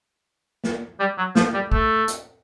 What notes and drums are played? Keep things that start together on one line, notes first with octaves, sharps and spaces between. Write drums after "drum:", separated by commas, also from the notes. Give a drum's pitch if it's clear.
drum: snare
G3
F#3
F3, drum: snare
G3
A3, drum: kick
drum: hi-hat